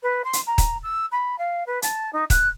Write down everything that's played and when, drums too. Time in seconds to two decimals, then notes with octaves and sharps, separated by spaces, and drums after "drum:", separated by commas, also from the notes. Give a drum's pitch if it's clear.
0.02 B4
0.24 C6
0.33 drum: hi-hat
0.47 A#5
0.58 drum: kick, hi-hat
0.83 E6
1.12 B5
1.38 F5
1.66 B4
1.82 A5, drum: hi-hat
2.13 D#4
2.30 F#6, drum: kick, hi-hat